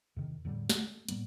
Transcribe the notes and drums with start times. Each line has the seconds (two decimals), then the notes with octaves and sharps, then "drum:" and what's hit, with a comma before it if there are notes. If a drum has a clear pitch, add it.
0.16 E2 C3 D#3
0.45 E2 A2 D3 G3
0.70 A3, drum: snare
1.09 A2 G3 A#3 B3, drum: hi-hat